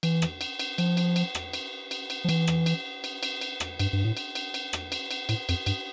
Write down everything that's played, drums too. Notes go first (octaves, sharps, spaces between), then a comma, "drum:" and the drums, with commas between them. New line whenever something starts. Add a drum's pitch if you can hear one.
E3, drum: cymbal
drum: rim click
drum: cymbal
drum: cymbal
F3, drum: cymbal
drum: cymbal
drum: cymbal
drum: rim click
drum: cymbal
drum: cymbal
drum: cymbal
F3
E3, drum: cymbal
drum: rim click
drum: cymbal
drum: cymbal
drum: cymbal
drum: cymbal
drum: rim click
G2, drum: cymbal
G2
A2
drum: cymbal
drum: cymbal
drum: cymbal
drum: rim click
drum: cymbal
drum: cymbal
A2, drum: cymbal
F2, drum: cymbal
G2, drum: cymbal